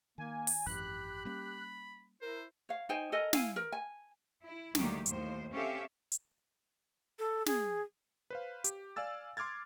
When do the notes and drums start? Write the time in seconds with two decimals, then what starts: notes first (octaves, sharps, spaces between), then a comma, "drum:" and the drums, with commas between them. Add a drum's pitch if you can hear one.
0.18 D#3 A#3 G#5
0.47 drum: open hi-hat
0.66 G#1 F#2 E3 G4 B5 F#6
1.25 G3 A#3 C#4 B5
2.21 E4 A#4 C5
2.69 C#5 F5
2.89 D#4 C5 G5 G#5
3.12 A4 A#4 D#5 G#5
3.33 E4 F5 G#5, drum: snare
3.56 A#4
3.72 G#5
4.43 E4
4.75 D2 D#3 F#3 G3 A#3 G4, drum: snare
5.06 D#2 A2 C5, drum: hi-hat
5.51 C4 C#4 G4 A4 E5 F5
6.12 drum: hi-hat
7.19 A4
7.46 G#4, drum: snare
8.30 B4 C5 F5
8.64 G4, drum: hi-hat
8.96 D5 F5 G#5 E6 A6
9.37 C6 D6 F6 G#6 A6